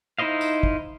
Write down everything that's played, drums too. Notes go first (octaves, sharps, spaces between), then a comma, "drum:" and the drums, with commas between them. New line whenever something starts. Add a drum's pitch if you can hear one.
D#4 E4 C5 D#5 F5
drum: tambourine
drum: kick